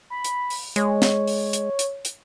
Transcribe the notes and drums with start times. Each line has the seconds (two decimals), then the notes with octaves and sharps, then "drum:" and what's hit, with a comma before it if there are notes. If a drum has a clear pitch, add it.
0.10 B5
0.25 drum: hi-hat
0.50 drum: open hi-hat
0.76 G#3 C#5, drum: hi-hat
1.02 drum: snare
1.27 drum: open hi-hat
1.53 drum: hi-hat
1.79 drum: hi-hat
2.05 drum: hi-hat